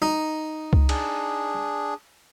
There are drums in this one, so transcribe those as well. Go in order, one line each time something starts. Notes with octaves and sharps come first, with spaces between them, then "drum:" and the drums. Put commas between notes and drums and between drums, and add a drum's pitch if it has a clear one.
D#4
drum: kick C#2
D4 G#4, drum: cymbal